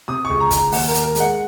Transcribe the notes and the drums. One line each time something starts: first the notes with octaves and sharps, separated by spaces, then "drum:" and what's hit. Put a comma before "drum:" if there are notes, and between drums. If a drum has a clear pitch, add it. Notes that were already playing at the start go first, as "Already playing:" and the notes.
C3 D#6
C#2 C#6
A#5
C#2, drum: kick, hi-hat
A#5
D#2 F#5, drum: open hi-hat
A#4
D#2, drum: hi-hat
A#4
G#3, drum: hi-hat
F#5